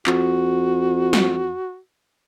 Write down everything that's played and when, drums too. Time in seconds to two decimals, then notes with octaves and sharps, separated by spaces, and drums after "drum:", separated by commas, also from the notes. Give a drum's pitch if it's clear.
0.07 F2 F#4, drum: clap
1.13 drum: snare